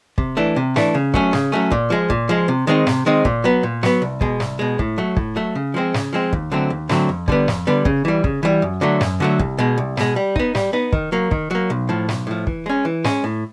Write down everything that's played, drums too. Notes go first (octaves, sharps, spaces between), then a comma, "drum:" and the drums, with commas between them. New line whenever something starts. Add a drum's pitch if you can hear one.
C3, drum: kick
E3 A3 D4
C3
E3 A3 D4, drum: snare
C#3
F#3 A3 C#4, drum: kick
C#3, drum: snare
F#3 A3 C#4
A#2, drum: kick
F3 G#3
A#2, drum: kick
F3 G#3
C3
D#3 G#3 C4 D#4
C3, drum: snare
D#3 G#3 C4 D#4
A#2, drum: kick
F#3 B3
A#2
F#3 B3, drum: snare
C2
B2 G#3, drum: kick
C2, drum: snare
B2 G#3
A2, drum: kick
F#3 A3
A2, drum: kick
F#3 A3
C#3
F3 G#3 C4
C#3, drum: snare
F3 G#3 C4
D#2, drum: kick
D3 F#3 A3 C4
D#2
D3 F#3 A3 C4, drum: snare
F2
D3 G3 B3, drum: kick
F2, drum: snare
D3 G3 B3
C#3, drum: kick
E3 G3
C#3, drum: kick
E3 G3
F#2
D3 F#3 A3
F#2, drum: snare
D3 F#3 A3
C2, drum: kick
B2 G#3
C2
B2 G#3, drum: snare
G3
B3 D#4, drum: kick
G3, drum: snare
B3 D#4
D#3, drum: kick
F#3 A#3
D#3, drum: kick
F#3 A#3
B1
A2 F3
B1, drum: snare
A2 F3
E3, drum: kick
G#3 C#4
E3
G#3 C#4, drum: snare
A2